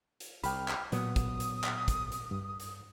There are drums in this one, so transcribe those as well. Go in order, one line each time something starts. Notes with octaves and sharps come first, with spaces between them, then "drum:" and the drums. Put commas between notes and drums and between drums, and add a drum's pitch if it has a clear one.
drum: hi-hat
C2 G5 B5 F6, drum: hi-hat
drum: clap
A#2 F#3 B3 D#6, drum: hi-hat
drum: kick, hi-hat
drum: hi-hat
drum: clap
drum: kick, hi-hat
drum: hi-hat
G2
drum: hi-hat